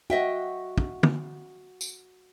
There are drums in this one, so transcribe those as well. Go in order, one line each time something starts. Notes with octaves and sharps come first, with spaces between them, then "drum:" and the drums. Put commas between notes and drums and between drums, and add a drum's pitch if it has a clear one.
F#4 D#5 E5 G5
drum: kick
drum: tom
drum: tambourine